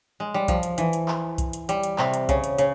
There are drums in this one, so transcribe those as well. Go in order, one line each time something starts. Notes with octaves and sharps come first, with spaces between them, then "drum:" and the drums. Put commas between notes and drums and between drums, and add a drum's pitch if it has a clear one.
G#3
G3
F3, drum: kick B1, hi-hat
drum: hi-hat
E3, drum: hi-hat
drum: hi-hat
drum: clap
drum: kick B1, hi-hat
drum: hi-hat
G3, drum: hi-hat
drum: hi-hat
C3, drum: clap
drum: hi-hat
C#3, drum: kick B1, hi-hat
drum: hi-hat
C#3, drum: hi-hat